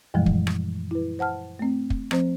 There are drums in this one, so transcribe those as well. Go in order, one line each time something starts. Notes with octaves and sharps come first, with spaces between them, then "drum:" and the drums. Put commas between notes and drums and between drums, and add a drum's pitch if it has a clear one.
F#2 A#2 E3 F3 G3 G#3
drum: kick
drum: rim click
E4 B4
C5 F#5 A5 F6
A3 C4
drum: kick
F3 C4 C5, drum: rim click